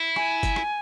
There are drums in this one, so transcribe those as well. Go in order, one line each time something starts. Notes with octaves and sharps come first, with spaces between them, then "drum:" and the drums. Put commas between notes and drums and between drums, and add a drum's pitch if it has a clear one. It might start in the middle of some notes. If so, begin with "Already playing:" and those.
Already playing: E4
G#5, drum: rim click
drum: kick, hi-hat
drum: rim click